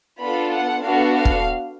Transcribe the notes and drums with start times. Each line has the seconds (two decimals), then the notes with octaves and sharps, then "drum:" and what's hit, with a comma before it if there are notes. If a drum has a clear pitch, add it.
0.21 B3 D4 F4 A4 B5
0.52 F#5
0.83 B3 D4 F#4 A4 F5
1.15 F5
1.25 drum: kick